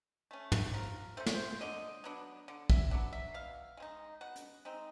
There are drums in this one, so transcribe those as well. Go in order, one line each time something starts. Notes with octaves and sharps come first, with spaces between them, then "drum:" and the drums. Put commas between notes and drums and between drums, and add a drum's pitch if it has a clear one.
A3 C#4
drum: tom
F3 A#4
A3 C#4 C5
C#5, drum: snare
C5
D3 D#5
F#3 B3 D4
D3
E5, drum: kick
F#3 B3 D4
E5
B2 F5
G#3 C4 D#4
B2 F#5
drum: hi-hat
G#3 C4 D#4